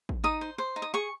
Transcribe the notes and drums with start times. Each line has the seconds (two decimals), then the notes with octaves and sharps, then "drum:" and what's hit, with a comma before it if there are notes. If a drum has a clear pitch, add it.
0.09 drum: kick
0.24 D#4 D#6
0.41 C5
0.58 C5
0.76 D#4
0.82 D#6
0.94 G#4 C#6